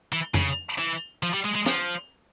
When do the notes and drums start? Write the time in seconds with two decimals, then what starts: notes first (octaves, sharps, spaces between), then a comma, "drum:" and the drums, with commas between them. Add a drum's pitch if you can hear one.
0.13 E3
0.34 C#3, drum: tom
0.78 E3, drum: hi-hat
1.23 F3
1.34 G3
1.45 G#3
1.55 G#3
1.66 F3, drum: snare